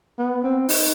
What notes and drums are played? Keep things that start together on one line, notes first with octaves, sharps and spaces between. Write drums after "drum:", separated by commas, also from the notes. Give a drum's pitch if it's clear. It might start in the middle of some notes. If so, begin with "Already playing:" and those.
B3
C4
D#4, drum: open hi-hat